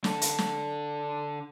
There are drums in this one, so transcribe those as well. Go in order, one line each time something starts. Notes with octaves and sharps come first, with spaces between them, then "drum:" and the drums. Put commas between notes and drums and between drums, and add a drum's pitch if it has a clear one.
D3 A4, drum: snare
drum: hi-hat
drum: snare